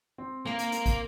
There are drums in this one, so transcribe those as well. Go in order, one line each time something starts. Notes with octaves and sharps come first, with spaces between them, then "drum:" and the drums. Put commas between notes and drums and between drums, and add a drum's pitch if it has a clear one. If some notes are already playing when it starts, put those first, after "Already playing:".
C4
A#3, drum: rim click
drum: hi-hat
drum: hi-hat
drum: kick, hi-hat